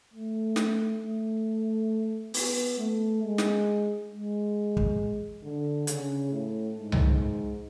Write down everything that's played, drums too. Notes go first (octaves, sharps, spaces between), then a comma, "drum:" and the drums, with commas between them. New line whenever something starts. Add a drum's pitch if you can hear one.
A3
drum: snare
A3
B3, drum: open hi-hat
A3
G#3
drum: snare
G#3
drum: kick
D3
C#3, drum: hi-hat
A2
G#2
drum: tom C2